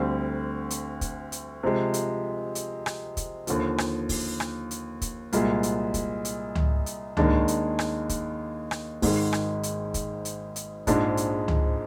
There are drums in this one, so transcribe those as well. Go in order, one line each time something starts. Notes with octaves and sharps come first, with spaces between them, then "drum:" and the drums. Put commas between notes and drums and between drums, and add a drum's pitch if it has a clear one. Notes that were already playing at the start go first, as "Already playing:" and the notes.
Already playing: D2 D3 G3 C4
drum: hi-hat
drum: kick, hi-hat
drum: hi-hat
C3 F3 G#3
drum: hi-hat
drum: hi-hat
drum: rim click
drum: kick, hi-hat
D#2 D3 F3, drum: hi-hat
drum: rim click
drum: kick, open hi-hat
drum: rim click
drum: hi-hat
drum: kick, hi-hat
C2 A#2 G#3, drum: hi-hat
drum: hi-hat
drum: kick, hi-hat
drum: hi-hat
drum: tom C#2
drum: hi-hat
D#2 D#3 G#3 D4, drum: tom C#2
drum: hi-hat
drum: rim click
drum: kick, hi-hat
drum: rim click
G#1 G#2 D#3 G#3, drum: kick, open hi-hat
drum: rim click
drum: hi-hat
drum: kick, hi-hat
drum: hi-hat
drum: hi-hat
A#1 G#2 F3 G#3 D4, drum: kick, hi-hat
drum: hi-hat
drum: tom C#2